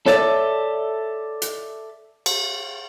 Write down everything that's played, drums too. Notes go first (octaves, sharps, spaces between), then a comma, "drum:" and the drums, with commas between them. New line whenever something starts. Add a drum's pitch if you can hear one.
A4 C#5 D5 E5, drum: snare
drum: hi-hat
drum: cymbal